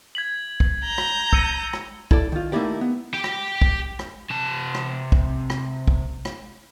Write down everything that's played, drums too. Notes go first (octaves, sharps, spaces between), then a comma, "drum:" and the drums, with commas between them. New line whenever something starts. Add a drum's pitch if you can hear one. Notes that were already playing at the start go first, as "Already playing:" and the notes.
G#6 B6 F#7
drum: kick
A#5 G6
drum: rim click
E6 C#7 D#7, drum: kick
drum: rim click
E4 A4 D5, drum: kick
D#3 F4
A3 A#3 D#4 E4 G4 D5
B3
G4 G5
drum: rim click
drum: kick
drum: rim click
C3 A5
drum: rim click
drum: kick
drum: rim click
drum: kick
drum: rim click